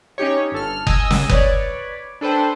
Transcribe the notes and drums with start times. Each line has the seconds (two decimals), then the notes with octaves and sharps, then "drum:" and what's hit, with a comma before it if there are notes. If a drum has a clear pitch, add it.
0.18 C#4 D#4 G4 C#5
0.52 G1 A4 F6
0.87 D#5 G#5 E6, drum: kick F#1
1.10 drum: snare
1.29 B4 C#5 D5, drum: kick F#1
2.21 D4 A4 B4 C5 G5